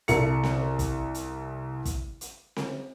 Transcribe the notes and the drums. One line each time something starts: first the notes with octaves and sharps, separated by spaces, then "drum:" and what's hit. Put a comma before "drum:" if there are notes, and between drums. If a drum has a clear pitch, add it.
C2 A4 C#7, drum: hi-hat
drum: snare C4
drum: kick, hi-hat
drum: hi-hat
drum: kick, hi-hat
drum: hi-hat
drum: snare C4